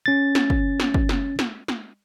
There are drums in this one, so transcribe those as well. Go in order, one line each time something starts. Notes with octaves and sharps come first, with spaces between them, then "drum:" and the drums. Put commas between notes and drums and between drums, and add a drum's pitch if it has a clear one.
C#4 A6
drum: snare
drum: kick
drum: snare
drum: kick
drum: snare
drum: snare
drum: snare